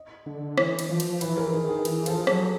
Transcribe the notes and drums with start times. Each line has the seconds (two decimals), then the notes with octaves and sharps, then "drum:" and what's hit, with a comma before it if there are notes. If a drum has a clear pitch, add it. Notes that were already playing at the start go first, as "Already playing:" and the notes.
Already playing: D#5
0.26 D3
0.58 E3, drum: rim click
0.79 drum: cymbal
0.90 F3
1.00 drum: cymbal
1.21 E3 B4, drum: cymbal
1.37 A#4
1.53 D#3 G#4
1.69 G#4
1.85 E3, drum: cymbal
2.06 F3 A4, drum: cymbal
2.17 G#4
2.27 F#3, drum: rim click